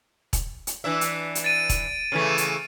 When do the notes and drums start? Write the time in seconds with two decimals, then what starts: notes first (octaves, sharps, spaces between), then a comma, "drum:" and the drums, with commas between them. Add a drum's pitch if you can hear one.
0.33 drum: kick E1, hi-hat
0.67 drum: hi-hat
0.84 E3 D4 E5
1.01 drum: hi-hat
1.35 drum: hi-hat
1.44 A6 D7 D#7
1.69 drum: kick E1, hi-hat
2.12 C#3 E3 A3
2.38 drum: hi-hat